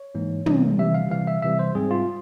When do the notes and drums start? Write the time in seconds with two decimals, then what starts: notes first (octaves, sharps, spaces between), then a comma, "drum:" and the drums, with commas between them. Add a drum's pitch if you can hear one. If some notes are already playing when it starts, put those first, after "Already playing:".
Already playing: C#5
0.15 G#2 E3 A#3
0.46 C3 E3 G3, drum: tom
0.78 C3 E3 G3 E5
0.94 F5
1.11 C3 E3 G3 F5
1.27 E5
1.42 C3 E3 G3 E5
1.59 C5
1.75 G#2 G3 C4 G#4
1.91 F4